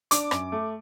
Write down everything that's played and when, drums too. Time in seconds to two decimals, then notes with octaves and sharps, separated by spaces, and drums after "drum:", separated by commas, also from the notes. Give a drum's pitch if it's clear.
0.11 D4 D6, drum: hi-hat
0.31 F#2, drum: rim click
0.52 A3